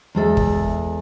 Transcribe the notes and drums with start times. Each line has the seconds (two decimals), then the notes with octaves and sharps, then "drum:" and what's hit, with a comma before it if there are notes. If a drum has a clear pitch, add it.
0.15 E2 G#3 A4 E5
0.37 drum: kick